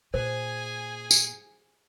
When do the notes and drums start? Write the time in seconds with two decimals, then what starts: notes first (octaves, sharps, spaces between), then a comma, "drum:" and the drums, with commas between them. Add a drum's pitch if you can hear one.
0.14 A#2 G#4 C5 G#5
1.11 drum: tambourine